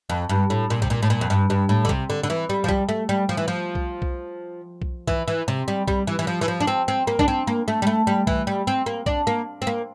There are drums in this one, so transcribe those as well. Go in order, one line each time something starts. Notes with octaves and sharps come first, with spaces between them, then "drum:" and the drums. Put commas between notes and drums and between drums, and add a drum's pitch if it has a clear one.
F2
G2
A2
A#2
C3, drum: kick B1
A#2
A2
A#2
F2
G2
G2
A2
D3
C3, drum: kick B1
D3
D3
E3
G3
F3
G3, drum: kick B1
A3
G3
F3
E3
F3
drum: kick B1
drum: kick B1
drum: kick B1
E3, drum: kick B1
E3
C3
G3
G3, drum: kick B1
E3
E3
F3
E3
F3
D4
C4
C4
A#3
D4, drum: kick B1
C4
A#3
A3
G3
A3
G3
E3, drum: kick B1
G3
C4
A#3
D4, drum: kick B1
A#3
C4
A#3